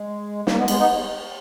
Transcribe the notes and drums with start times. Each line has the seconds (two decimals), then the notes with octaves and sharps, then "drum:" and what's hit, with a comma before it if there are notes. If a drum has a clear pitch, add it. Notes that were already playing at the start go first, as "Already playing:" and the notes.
Already playing: G#3
0.47 G3 A#3, drum: snare
0.58 G#3 B3
0.68 G#3 B3, drum: cymbal
0.79 B3 D#4